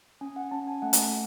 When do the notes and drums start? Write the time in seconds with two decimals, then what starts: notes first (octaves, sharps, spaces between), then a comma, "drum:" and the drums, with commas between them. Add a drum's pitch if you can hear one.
0.21 C#4 G#5
0.36 F#5
0.51 C#4 A5
0.67 G#5
0.82 A3 F#5
0.93 drum: hi-hat